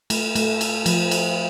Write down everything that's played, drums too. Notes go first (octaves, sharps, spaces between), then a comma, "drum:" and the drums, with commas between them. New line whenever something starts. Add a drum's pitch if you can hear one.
A3, drum: cymbal
A3, drum: cymbal
drum: cymbal
F3, drum: cymbal
drum: cymbal